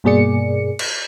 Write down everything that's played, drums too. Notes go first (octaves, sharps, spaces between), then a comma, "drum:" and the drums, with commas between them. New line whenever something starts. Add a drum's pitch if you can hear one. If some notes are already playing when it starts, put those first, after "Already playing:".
G2 B2 A#3 G#4 D5 C#7
drum: cymbal